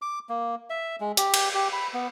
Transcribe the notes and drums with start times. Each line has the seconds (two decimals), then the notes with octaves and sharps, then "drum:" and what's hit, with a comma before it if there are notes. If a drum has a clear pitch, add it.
0.02 D6
0.29 A#3
0.70 E5
1.00 G#3
1.17 G4, drum: hi-hat
1.34 drum: cymbal
1.54 G4
1.73 B5
1.94 B3